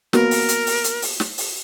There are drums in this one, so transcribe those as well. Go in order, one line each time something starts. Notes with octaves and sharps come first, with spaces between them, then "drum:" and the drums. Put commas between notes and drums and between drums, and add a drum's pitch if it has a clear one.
A#3 B3 F#4 A#4, drum: snare
drum: open hi-hat
drum: hi-hat
drum: open hi-hat
drum: hi-hat
drum: open hi-hat
drum: snare
drum: open hi-hat